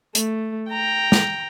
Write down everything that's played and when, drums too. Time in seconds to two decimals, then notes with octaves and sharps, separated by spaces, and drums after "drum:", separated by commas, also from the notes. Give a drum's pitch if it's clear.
0.15 A3, drum: hi-hat
0.70 G5 A#5
1.12 drum: snare